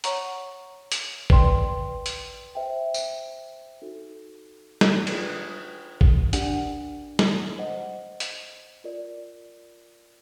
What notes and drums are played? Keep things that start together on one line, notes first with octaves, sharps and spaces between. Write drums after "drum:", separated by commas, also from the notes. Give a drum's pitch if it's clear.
C#5 F#5 A#5 C#6, drum: hi-hat
drum: hi-hat
B4 D5 G5 C6, drum: kick A1
drum: hi-hat
C5 E5 G5
drum: tambourine
D#4 F#4 A4
drum: snare
D4 F4 G#4 B4 D5, drum: cymbal
drum: kick A1
D4 G4 A#4 D5 F#5, drum: hi-hat
drum: snare
C5 D#5 F#5
drum: hi-hat
F4 A#4 D5